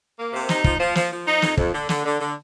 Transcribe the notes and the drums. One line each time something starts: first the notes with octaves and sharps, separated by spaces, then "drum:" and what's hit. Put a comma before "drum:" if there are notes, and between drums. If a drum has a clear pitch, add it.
A#3
C3
D#4, drum: snare
F3, drum: kick
F3
F3, drum: snare
F3
D#4
F2, drum: snare
F2, drum: kick
D3
D3, drum: snare
D3
D3